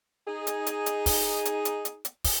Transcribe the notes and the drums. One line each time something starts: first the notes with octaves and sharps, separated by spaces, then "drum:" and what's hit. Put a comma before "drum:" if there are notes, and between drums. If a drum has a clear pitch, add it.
D#4 G#4
drum: hi-hat
drum: hi-hat
drum: hi-hat
drum: kick, open hi-hat
drum: hi-hat
drum: hi-hat
drum: hi-hat
drum: hi-hat
drum: kick, open hi-hat